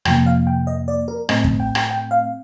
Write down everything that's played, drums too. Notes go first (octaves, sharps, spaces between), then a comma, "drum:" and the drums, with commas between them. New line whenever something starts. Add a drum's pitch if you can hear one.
F2 C3 F3 A#3 G5, drum: rim click
F5
G5
D#5
D5
A#4
A2 A3 C4 D#5, drum: rim click
drum: kick
G5
G5, drum: rim click
G5
F5